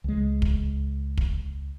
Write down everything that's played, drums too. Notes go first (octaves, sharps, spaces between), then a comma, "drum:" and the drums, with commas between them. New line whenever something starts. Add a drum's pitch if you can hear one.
C#2 G#3
drum: kick
drum: kick